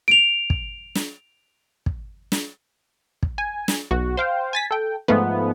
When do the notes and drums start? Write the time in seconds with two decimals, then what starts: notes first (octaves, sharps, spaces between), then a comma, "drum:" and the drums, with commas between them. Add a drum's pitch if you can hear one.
0.08 D7 F7
0.50 drum: kick
0.95 drum: snare
1.86 drum: kick
2.32 drum: snare
3.23 drum: kick
3.38 G#5
3.68 drum: snare
3.91 B1 F#4
4.17 C5 F5 G5
4.53 G#5 A6 B6
4.71 A4 G5
5.08 G#2 F3 A3 B3